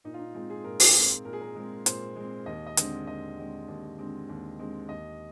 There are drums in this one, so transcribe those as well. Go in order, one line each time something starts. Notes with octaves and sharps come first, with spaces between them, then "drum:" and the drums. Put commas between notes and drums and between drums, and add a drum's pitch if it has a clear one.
A#2 D#4
F4
D#4
G#3 C4 F4
G#4
A#2 A#4
drum: open hi-hat
G#3 C4
A#2 A#4
G#4
A#4
G#3 C4
A#2 C5, drum: hi-hat
G#3 C4
D#2 D#5
D#5
D3 G#3 C4, drum: hi-hat
D#2 D#5
D3 G#3 C4
D#2
D3 G#3 C4
D#2
D3 G#3 C4
D#2 D#5